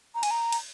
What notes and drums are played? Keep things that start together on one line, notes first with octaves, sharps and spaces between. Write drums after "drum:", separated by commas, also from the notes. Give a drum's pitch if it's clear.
A#5
G#5, drum: cymbal
A#5
drum: cymbal